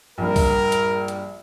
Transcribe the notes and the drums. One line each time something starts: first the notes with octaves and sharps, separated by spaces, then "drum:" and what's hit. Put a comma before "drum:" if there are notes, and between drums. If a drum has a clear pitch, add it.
A#1 G2 A#4
drum: kick A#1, open hi-hat
drum: hi-hat
drum: hi-hat